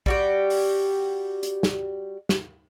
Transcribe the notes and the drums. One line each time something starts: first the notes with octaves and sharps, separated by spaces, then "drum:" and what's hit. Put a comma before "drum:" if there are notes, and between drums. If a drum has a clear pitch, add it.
G3 F#4 G4, drum: kick A#1
drum: open hi-hat
drum: hi-hat
drum: snare
drum: snare